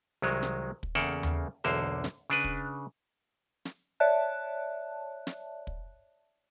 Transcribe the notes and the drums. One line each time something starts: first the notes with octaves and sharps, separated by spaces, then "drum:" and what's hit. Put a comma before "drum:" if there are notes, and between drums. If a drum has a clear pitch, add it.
C2 D#3 F#3 G#3
drum: snare
drum: kick
E2 C#3 A#3 A4 F#5 G5
drum: tom D#2
B1 E2 D3 A#3 C5
drum: snare
C#3 D4 B4
drum: kick
drum: snare
C#5 D5 E5 A5 F#6
drum: snare
drum: kick